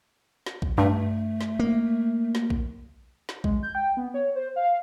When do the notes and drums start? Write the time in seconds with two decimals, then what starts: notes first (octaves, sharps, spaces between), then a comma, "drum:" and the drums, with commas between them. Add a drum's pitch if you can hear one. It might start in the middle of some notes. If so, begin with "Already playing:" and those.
0.46 drum: snare
0.62 drum: kick A#1
0.78 G2 A3
1.41 drum: snare
1.59 A#3
2.35 drum: snare
2.50 drum: kick A#1
3.29 drum: snare
3.44 G#3, drum: kick A#1
3.63 G6
3.75 G5
3.97 B3
4.14 C#5
4.35 C5
4.56 F5